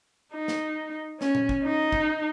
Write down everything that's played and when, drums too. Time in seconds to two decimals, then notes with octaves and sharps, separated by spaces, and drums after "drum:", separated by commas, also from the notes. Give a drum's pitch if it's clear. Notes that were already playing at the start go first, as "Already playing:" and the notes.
0.34 D#4
0.48 drum: snare
1.21 C#4, drum: snare
1.35 drum: tom A#2
1.49 drum: kick
1.64 D#4
1.92 drum: kick